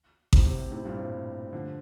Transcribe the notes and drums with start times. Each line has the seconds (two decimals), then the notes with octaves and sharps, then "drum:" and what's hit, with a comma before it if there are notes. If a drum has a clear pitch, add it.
0.33 A2 C3, drum: kick A1
0.45 A2 C3
0.72 A2 C3
0.85 G2 A#2
0.99 A2 C3
1.53 D3 F3